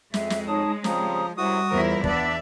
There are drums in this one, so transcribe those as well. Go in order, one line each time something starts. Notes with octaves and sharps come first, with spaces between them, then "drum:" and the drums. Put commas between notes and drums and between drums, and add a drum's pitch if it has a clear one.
F2 G#3 E5, drum: snare
drum: snare
D#4 C#5 A5 D#6
C#3 F3 G3 C4 A#5 D#6, drum: snare
F#2 C3 G3 E4 F#4 D#6
E2 A2 F3 E4 A#4 C5
E2 F3 B3 D4 D5 E5, drum: kick